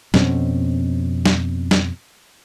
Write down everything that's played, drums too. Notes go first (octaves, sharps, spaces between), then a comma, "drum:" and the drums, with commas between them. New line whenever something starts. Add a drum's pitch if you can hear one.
F2 B2 C4 C#4, drum: snare
drum: snare
drum: snare